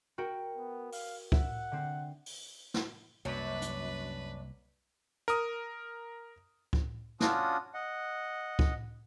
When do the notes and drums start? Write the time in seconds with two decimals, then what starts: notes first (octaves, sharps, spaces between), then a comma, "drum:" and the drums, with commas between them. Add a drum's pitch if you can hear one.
0.18 F#4 A#4 G5
0.57 B3
0.92 F5, drum: open hi-hat
1.32 E5 F#5, drum: kick C#2
1.72 D3 C4
2.26 drum: open hi-hat
2.74 drum: snare
3.25 C2 F#2 A#3 D4 B4 C#5
3.62 drum: hi-hat
5.28 A#4 D#6, drum: hi-hat
6.73 drum: kick C#2
7.20 C#4 D4 F4 F#4 D#6, drum: snare
7.74 D#5 F#5
8.59 drum: kick C#2